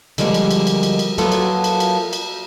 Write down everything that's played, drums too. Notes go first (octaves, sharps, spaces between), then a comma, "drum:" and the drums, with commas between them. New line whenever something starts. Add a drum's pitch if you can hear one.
D3 F3 G3 G#3 A#3, drum: cymbal
drum: cymbal
drum: cymbal
drum: cymbal
drum: cymbal
drum: cymbal
F#3 A#3 B3 E4 F4 A4, drum: cymbal
drum: cymbal
drum: cymbal
drum: cymbal
drum: cymbal